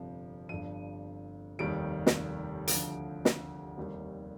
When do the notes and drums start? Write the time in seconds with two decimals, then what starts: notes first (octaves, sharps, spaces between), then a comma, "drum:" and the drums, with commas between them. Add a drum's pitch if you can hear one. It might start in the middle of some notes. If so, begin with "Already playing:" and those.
Already playing: G1 F2 C3 F3
0.49 G1 G2 F3 D#7
1.59 F1 D#2 D#3 G3 D7
2.06 drum: snare
2.68 D2 D3 F3 D7, drum: hi-hat
3.25 drum: snare
3.77 F1 D#2 D#3 G3